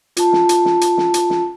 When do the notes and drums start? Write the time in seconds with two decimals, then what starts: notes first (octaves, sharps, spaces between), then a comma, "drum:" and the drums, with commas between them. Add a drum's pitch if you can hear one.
0.17 F4 A5, drum: hi-hat
0.33 drum: snare
0.49 drum: hi-hat
0.65 drum: snare
0.81 drum: hi-hat
0.98 drum: snare
1.14 drum: hi-hat
1.30 drum: snare